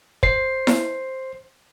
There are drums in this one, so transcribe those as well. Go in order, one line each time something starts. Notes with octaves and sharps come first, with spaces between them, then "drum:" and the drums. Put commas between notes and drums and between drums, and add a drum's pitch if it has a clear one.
C5 C7, drum: kick
drum: snare E4